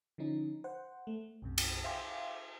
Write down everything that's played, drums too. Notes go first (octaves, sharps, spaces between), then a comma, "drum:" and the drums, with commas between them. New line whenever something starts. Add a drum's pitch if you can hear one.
D3 F3 C#4 D#4
C5 F#5
A3
B1 F#2 C3
drum: cymbal
E5 F5 G5 G#5 C6 D6